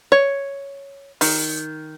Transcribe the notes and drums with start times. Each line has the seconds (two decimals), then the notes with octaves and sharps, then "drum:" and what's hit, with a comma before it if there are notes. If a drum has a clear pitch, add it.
0.12 C#5
1.21 D#3, drum: open hi-hat